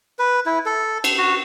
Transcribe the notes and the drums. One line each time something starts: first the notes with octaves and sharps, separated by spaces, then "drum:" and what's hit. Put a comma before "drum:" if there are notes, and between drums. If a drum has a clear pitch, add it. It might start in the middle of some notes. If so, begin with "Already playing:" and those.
B4
E4
A4
drum: cymbal
F#4